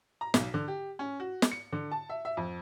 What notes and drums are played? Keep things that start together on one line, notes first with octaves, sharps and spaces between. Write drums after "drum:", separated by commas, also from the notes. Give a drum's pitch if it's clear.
A#5
B1, drum: snare
D3
G4
C#4
F#4
drum: snare
C#7
D3
A5
E5
E5
F2